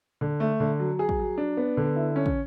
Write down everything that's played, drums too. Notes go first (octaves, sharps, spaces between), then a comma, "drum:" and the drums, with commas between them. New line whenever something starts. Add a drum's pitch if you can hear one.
D3
A3
D3
F#3
G#4
drum: kick
F#3
D4
B3
D3
E4
C#4
drum: kick